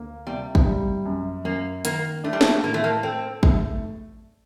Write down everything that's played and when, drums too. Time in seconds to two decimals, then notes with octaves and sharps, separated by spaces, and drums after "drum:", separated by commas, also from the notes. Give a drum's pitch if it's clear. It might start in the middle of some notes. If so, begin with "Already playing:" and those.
Already playing: D2 A#3
0.27 C3 G3
0.55 drum: kick
0.67 G3
1.05 F#2
1.45 F#2 A#3
1.85 D#3 A#3, drum: hi-hat
2.24 A3 D4
2.33 G3
2.41 A3, drum: snare
2.63 A2 A#3
2.74 A3
2.84 A#3
3.03 C4 A4
3.43 A3, drum: kick